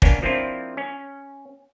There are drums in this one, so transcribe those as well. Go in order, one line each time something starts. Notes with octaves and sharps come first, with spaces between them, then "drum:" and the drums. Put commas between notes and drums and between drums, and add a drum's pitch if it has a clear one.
A#3 B3 C#4 D4, drum: kick
F3 A#3 C4 D4 E4 F4
C#4